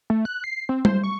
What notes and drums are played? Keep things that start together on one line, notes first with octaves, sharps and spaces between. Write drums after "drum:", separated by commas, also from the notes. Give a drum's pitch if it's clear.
A3
F#6
C7
C4
C5, drum: tom G3
C#6